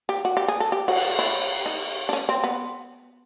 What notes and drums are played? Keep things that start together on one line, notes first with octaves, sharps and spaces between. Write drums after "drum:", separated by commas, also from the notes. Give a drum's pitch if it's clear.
G4
F#4
G4
G#4
A4
G4
F#4, drum: cymbal
E4
D#4
D4
C#4
C4
B3